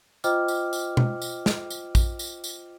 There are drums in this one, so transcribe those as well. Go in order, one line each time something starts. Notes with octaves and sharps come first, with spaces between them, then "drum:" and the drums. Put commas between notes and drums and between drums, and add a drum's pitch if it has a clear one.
F4 C5 D#5 G5 D6 F6, drum: tambourine
drum: tambourine
drum: tambourine
drum: tom B2
drum: tambourine
drum: snare
drum: tambourine
drum: kick, tambourine
drum: tambourine
drum: tambourine